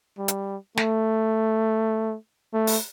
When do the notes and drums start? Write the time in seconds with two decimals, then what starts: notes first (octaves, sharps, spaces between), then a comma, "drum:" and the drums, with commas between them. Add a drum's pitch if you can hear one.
0.18 G3
0.28 drum: hi-hat
0.77 A3, drum: snare
2.54 A3
2.67 drum: open hi-hat